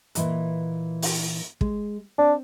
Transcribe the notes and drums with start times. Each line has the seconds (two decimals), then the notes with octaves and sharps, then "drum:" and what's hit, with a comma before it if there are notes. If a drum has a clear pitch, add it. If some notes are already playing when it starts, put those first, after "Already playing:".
0.15 A#2 E3 D#5, drum: hi-hat
1.02 drum: open hi-hat
1.61 G#3, drum: kick
2.18 C4 D4